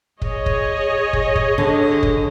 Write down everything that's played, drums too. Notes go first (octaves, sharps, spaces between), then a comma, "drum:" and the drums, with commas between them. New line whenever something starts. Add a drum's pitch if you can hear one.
G#4 C#5 D#5, drum: kick
drum: kick
drum: kick
drum: kick
D3
drum: kick